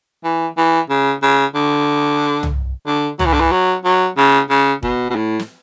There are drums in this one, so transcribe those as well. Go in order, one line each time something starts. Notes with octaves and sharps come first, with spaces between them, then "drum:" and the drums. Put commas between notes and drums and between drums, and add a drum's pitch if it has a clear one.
E3
E3
C#3
C#3
D3
drum: tom C2
D3
F#3, drum: tom C2
E3
D3
E3
F#3
F#3
C#3
C#3
B2, drum: kick
B2
A2
drum: snare